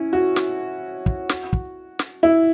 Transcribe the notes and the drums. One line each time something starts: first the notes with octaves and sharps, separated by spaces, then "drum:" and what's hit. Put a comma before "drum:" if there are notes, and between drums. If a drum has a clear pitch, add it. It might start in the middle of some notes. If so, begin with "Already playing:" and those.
Already playing: C#4 E4
F#4
drum: snare
drum: kick
drum: snare
drum: kick
drum: snare
E4